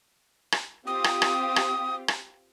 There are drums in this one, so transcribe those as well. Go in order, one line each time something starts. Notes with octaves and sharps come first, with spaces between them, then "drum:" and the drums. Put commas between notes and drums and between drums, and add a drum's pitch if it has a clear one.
drum: rim click
C4 F4 G4 D#6
drum: rim click
drum: rim click
drum: rim click
drum: rim click